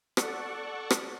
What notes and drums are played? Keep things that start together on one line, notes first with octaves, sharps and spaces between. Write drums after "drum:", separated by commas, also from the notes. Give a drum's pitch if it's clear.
A4 D5 F#5 C#6, drum: rim click
drum: rim click